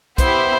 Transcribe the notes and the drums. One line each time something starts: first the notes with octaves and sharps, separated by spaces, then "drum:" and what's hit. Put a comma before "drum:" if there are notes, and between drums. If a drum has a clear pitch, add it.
B3 E4 G4 C5, drum: kick, hi-hat